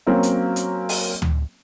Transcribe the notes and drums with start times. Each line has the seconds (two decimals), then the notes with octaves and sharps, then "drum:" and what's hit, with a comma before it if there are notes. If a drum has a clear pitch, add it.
0.07 F#3 A#3 C4 C#4
0.23 drum: hi-hat
0.56 drum: hi-hat
0.89 drum: open hi-hat
1.22 drum: tom D2